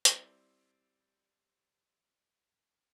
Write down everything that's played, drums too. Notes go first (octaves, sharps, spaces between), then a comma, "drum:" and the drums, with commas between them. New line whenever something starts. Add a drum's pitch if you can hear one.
G3 C4 E4 D5, drum: hi-hat